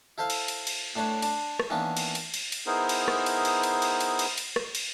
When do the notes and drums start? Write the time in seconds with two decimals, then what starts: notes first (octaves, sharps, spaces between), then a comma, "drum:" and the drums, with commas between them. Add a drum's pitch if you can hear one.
0.18 E4 A4 C5 E5 F5
0.30 drum: cymbal
0.48 drum: cymbal
0.67 drum: cymbal
0.96 A2 D4 B4 C#5
1.22 D4, drum: cymbal
1.60 drum: rim click
1.70 D#3 E3 A#3 B3 C#4 D4
1.97 drum: cymbal
2.15 drum: cymbal
2.34 drum: cymbal
2.52 drum: cymbal
2.67 B3 D#4 E4 G#4 A#4 C5
2.89 drum: cymbal
3.08 drum: rim click
3.26 drum: cymbal
3.45 drum: cymbal
3.63 drum: cymbal
3.82 drum: cymbal
4.01 drum: cymbal
4.19 drum: cymbal
4.38 drum: cymbal
4.56 drum: rim click
4.75 drum: cymbal